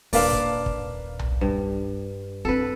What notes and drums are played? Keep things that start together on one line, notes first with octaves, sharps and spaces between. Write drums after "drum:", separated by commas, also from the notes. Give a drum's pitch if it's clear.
D#1 A#3 D4 B4 D5 F5, drum: open hi-hat
drum: kick
drum: kick
drum: tom B1
G2
C4 D4 A4 B4